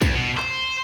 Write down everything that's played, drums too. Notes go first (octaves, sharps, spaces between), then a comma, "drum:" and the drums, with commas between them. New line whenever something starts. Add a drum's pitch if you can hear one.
D2, drum: kick, tambourine
B2
C5, drum: clap